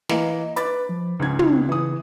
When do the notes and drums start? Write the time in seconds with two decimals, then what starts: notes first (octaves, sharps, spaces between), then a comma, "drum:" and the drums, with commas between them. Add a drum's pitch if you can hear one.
0.09 E3 A#3 D#5, drum: snare
0.56 B4 B5 D6 A6, drum: hi-hat
0.89 F3
1.19 C#2 G#2 C#3 G#6
1.39 drum: tom
1.69 E3 D#6